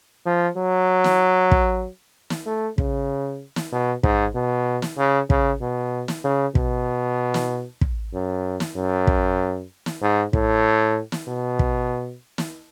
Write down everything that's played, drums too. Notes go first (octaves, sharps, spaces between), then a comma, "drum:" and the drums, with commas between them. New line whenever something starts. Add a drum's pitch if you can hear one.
F3
F#3
drum: snare
drum: kick
drum: snare
A3
C#3, drum: kick
drum: snare
B2
G#2, drum: kick
B2
drum: snare
C#3
C#3, drum: kick
B2
drum: snare
C#3
B2, drum: kick
drum: snare
drum: kick
F#2
drum: snare
F#2
drum: kick
drum: snare
G#2
A2, drum: kick
drum: snare
B2
drum: kick
drum: snare